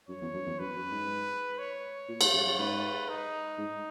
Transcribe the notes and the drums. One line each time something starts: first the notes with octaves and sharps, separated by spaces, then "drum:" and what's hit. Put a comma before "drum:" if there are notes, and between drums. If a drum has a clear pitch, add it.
F#2 C#5
E2
F#2
E2
F#2 B4
F#2
G#2
C#5
A#2
G#2, drum: cymbal
F#2
F#2
G#2 B4
D#4
G#2